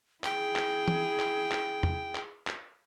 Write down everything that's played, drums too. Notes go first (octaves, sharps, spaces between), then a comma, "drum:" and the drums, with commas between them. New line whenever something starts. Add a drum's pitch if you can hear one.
E4 G#4 G5, drum: clap
drum: clap
drum: tom
drum: clap
drum: clap
drum: tom E2
drum: clap
drum: clap